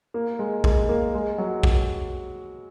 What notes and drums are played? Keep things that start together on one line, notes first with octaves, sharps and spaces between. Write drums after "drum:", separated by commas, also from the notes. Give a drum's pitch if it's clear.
A#3
G#3
G#3, drum: kick
A#3
G#3
F#3
drum: kick